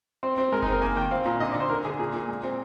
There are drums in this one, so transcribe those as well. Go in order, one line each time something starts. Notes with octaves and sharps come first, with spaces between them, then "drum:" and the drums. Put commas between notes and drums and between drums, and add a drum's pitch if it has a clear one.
C4 C5
C4
G#3 A#4
D#4, drum: kick F#1
C4
A#4
A#3 G#5
D#3 G5
C4 F5
A#2
D3 D#5
D5
D3
C5
D3 A#4
D3 G#4
A#2 G#4
A#2
G#3
C4